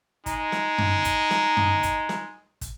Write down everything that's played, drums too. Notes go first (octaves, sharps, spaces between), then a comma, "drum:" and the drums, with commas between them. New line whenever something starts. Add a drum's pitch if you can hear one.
G#3 D#4, drum: kick, hi-hat
drum: snare
drum: tom F#2
drum: kick, hi-hat
drum: snare
drum: tom F#2
drum: kick, hi-hat
drum: snare
drum: kick, hi-hat